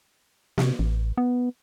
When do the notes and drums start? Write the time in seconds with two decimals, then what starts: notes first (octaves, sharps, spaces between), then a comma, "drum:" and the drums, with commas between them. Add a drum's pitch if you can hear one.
0.58 C3, drum: snare
0.79 A1
1.18 B3